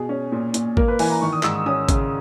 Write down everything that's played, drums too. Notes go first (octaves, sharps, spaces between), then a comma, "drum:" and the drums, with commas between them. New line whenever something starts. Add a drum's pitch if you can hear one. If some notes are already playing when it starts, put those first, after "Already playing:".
Already playing: B2 G#4
C#4
A#2
A#2, drum: hi-hat
A#3 A#4, drum: kick G#1
B4
E3 G#5, drum: open hi-hat
A#5
D#3 C#6
D#6
G#2 E6, drum: clap
D#6
C#4 D#6
C#3, drum: kick G#1, hi-hat